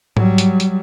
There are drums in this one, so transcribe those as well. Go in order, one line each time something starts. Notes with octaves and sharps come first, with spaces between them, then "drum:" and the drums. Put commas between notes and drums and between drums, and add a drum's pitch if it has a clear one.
F#3 G3, drum: tom G#2
drum: hi-hat
drum: hi-hat